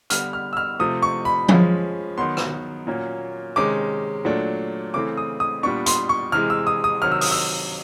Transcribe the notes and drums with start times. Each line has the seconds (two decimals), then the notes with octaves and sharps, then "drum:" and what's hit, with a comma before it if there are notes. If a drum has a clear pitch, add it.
0.10 D3 G3 B3 F6, drum: hi-hat
0.33 F6
0.53 E6
0.57 F6
0.79 C3 F3 A3 D#6
1.02 C#6
1.25 B5
1.49 F3 G#3 C#4, drum: tom F3
2.18 D#3 F#3 B3 C6
2.37 drum: rim click
2.87 A#2 F#3 A#3 C#4
3.56 C3 D#3 G#3 C#4 D6
4.25 A#2 F#3 A3 D4
4.94 C#3 E3 A3 C4 D6
5.18 D#6
5.40 D#6
5.63 A#2 G3 B3 D4 C#6
5.86 C6, drum: hi-hat
6.09 C#6
6.32 C3 E3 G#3 F6
6.50 E6
6.67 D#6
6.84 D#6
7.02 C3 D#3 F#3 F6
7.12 E6
7.21 D#6, drum: open hi-hat
7.31 E6